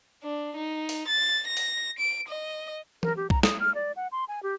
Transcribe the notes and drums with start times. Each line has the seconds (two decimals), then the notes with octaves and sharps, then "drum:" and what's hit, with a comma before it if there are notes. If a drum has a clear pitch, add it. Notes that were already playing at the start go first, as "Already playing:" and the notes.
0.23 D4
0.56 D#4
0.89 drum: open hi-hat
1.08 A6
1.47 A#6
1.57 drum: open hi-hat
1.98 D7
2.28 D#5
3.03 A#4, drum: tom E3
3.17 G4
3.30 A#5, drum: kick B1
3.43 D#6, drum: snare
3.60 F6
3.75 D5
3.96 F#5
4.12 C6
4.28 G#5
4.43 G4